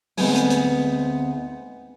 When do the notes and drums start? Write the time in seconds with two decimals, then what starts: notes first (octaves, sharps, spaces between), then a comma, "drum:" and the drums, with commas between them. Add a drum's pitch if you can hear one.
0.17 D2 G#3 B3 C4 D#4 G#5, drum: open hi-hat
0.35 drum: hi-hat
0.50 drum: hi-hat